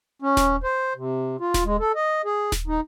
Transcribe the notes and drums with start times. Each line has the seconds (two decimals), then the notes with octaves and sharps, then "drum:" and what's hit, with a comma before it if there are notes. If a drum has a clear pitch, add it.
0.22 C#4
0.37 drum: snare D#1
0.63 C5
0.96 C3
1.40 F4
1.54 drum: snare D#1
1.65 G#3
1.80 A4
1.95 D#5
2.25 G#4
2.52 drum: snare D#1
2.67 D#4